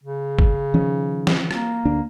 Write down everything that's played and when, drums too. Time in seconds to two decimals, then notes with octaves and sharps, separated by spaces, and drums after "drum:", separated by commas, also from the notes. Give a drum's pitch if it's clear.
0.04 C#3
0.39 drum: kick
0.74 D#3 F3 C#4
1.27 drum: snare
1.51 A#3, drum: rim click
1.85 D2 D4